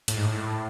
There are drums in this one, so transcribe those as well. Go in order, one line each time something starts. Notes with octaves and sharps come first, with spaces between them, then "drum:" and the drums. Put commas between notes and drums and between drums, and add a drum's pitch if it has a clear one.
A2, drum: hi-hat
G#2
A2